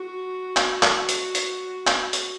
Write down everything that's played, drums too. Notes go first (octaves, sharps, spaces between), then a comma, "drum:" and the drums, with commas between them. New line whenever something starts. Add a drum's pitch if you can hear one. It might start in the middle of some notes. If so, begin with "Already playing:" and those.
Already playing: F#4
drum: clap
drum: clap
drum: hi-hat
drum: hi-hat
drum: clap
drum: hi-hat